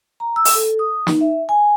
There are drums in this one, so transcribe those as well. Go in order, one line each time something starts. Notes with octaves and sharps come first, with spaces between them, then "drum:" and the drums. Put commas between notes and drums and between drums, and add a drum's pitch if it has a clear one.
A#5
E6
drum: open hi-hat
A4
D#6
D#4, drum: snare
E5
G#5